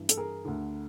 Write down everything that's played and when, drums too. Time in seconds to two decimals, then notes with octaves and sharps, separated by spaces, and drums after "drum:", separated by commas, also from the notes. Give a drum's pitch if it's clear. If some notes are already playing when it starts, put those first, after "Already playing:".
Already playing: G2 E3
0.09 A4, drum: hi-hat
0.17 G#4 A#4
0.45 D2 D3